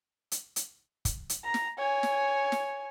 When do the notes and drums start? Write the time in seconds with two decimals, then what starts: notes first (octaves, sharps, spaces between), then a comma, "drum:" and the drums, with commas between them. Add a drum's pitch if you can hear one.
0.32 drum: hi-hat
0.56 drum: hi-hat
1.05 drum: kick, hi-hat
1.29 drum: hi-hat
1.44 A#5
1.54 drum: snare
1.78 C#5 G#5
2.03 drum: snare
2.52 drum: snare